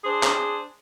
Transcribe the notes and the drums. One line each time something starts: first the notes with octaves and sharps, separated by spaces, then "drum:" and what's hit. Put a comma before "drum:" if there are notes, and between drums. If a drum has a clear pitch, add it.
D4 G#4 C5
drum: clap